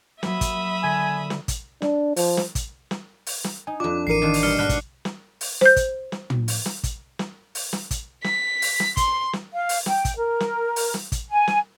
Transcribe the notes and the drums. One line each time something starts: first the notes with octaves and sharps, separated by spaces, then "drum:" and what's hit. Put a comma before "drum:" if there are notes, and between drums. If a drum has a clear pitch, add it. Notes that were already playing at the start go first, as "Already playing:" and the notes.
F#3 A#3 E5 B5 D#6, drum: snare
drum: kick, hi-hat
D3 G#5
drum: snare
drum: kick, hi-hat
D4, drum: snare
F3, drum: open hi-hat
drum: snare
drum: kick, hi-hat
drum: snare
drum: open hi-hat
drum: snare
D#4 G#5
F2 D4 F4 A4 D6
A1 E3 A#4 C7 C#7 D#7
D#3 D4 F4
drum: open hi-hat
B2 G3 F6 C#7
G#2 D4 F#4 B5 F6 F#6
drum: kick, hi-hat
drum: snare
drum: open hi-hat
C5 G6, drum: snare
drum: kick, hi-hat
drum: snare
drum: tom
drum: open hi-hat
drum: snare
drum: kick, hi-hat
drum: snare
drum: open hi-hat
drum: snare
drum: kick, hi-hat
B6, drum: snare
drum: open hi-hat
drum: snare
C6, drum: kick, hi-hat
drum: snare
F5
drum: open hi-hat
G5, drum: snare
drum: kick, hi-hat
A#4
drum: snare
drum: open hi-hat
drum: snare
drum: kick, hi-hat
G#5
drum: snare